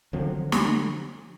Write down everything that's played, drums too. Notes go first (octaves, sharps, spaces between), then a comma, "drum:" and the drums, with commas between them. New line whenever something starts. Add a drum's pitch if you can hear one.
D3 F3 F#3 C4
drum: snare